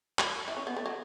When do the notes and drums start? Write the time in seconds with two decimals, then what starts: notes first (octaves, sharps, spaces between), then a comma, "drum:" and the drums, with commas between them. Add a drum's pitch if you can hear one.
0.19 drum: clap
0.48 E4
0.57 C#4
0.67 B3
0.76 A3
0.86 F#3